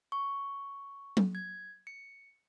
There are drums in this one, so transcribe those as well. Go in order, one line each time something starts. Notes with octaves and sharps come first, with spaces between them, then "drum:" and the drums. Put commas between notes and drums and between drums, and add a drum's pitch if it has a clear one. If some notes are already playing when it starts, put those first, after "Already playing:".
C#6
drum: tom F#3
G#6
C#7